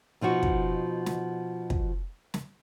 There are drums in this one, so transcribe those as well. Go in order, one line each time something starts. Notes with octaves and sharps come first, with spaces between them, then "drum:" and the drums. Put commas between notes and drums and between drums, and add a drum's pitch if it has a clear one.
B2 F3 D#4 F#4
drum: kick
drum: snare
drum: kick
drum: snare